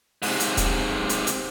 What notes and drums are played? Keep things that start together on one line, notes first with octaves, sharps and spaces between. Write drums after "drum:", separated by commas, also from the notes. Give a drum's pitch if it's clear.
G#2 C3, drum: open hi-hat
drum: hi-hat
drum: kick D#1, hi-hat
drum: hi-hat
drum: hi-hat